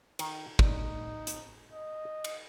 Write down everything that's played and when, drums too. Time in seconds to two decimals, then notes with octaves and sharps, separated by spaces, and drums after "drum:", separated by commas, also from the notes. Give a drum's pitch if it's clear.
0.19 D#3, drum: cymbal
0.59 D#4 D5, drum: kick
1.27 drum: hi-hat
1.73 D#5
2.24 drum: cymbal